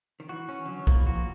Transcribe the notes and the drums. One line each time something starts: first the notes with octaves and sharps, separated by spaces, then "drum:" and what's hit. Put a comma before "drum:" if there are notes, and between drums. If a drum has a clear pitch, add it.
D#3
E3 F#4
C#4
D3 F#3
D#3
A#3, drum: kick
E3
F3 F#4